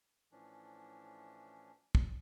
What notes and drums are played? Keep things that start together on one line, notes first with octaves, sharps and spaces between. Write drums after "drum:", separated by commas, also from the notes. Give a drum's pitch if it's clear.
A2 E3 F3 C#4 D4
drum: kick